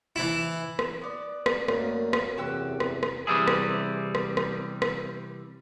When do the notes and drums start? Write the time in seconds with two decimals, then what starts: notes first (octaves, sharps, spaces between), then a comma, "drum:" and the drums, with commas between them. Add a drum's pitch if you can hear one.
0.16 E3 E4
0.79 drum: rim click
1.02 B3 D5
1.46 drum: rim click
1.68 F#2 A3 A#3, drum: rim click
2.13 drum: rim click
2.37 E2 C3 F#4 G4 E6
2.80 drum: rim click
3.03 drum: rim click
3.27 C3 E3 G3 E4 G#4
3.47 drum: rim click
4.15 drum: rim click
4.37 drum: rim click
4.82 drum: rim click